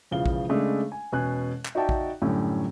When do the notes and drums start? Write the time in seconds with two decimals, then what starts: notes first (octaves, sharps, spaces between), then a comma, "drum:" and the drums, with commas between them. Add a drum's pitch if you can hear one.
0.11 E1 C#3 E3 F3 F5 G7
0.26 drum: kick A#1
0.49 C#3 G#3 A3 C#4 D4
0.92 G#5
1.12 E1 B2 C#4 G#5 F#6
1.66 drum: clap
1.75 D#4 F#4 D5 E5 G5 A5
1.89 drum: kick A#1
2.22 F#2 A2 D3 G3 A3 C#4